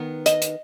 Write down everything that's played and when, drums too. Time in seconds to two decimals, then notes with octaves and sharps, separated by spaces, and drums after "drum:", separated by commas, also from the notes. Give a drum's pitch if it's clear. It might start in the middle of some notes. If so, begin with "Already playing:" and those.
Already playing: D#3 B3
0.26 D#5, drum: hi-hat
0.42 drum: hi-hat